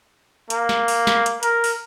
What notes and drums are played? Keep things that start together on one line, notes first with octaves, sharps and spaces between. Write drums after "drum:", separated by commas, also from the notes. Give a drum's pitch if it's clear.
A#3, drum: hi-hat
drum: snare
drum: open hi-hat
drum: snare
drum: hi-hat
A#4, drum: hi-hat
drum: open hi-hat